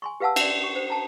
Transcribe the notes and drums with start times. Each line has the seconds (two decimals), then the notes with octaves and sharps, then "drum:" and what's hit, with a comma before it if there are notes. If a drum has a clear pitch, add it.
0.02 G#5 C6 C#6
0.20 G4 B4 F5 F#5 A5 E6
0.36 D5 E5, drum: cymbal
0.64 C#6
0.76 C5
0.90 A5 A#5